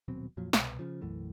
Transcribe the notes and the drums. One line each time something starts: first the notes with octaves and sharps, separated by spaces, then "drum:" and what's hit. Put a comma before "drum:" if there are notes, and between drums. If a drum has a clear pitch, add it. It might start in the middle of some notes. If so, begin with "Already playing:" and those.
D#1 B2 F#3 C4
F2 A#2 F3 F#3
C2 B2 B3, drum: snare
C#3 F3
B1 F#2 E3 A3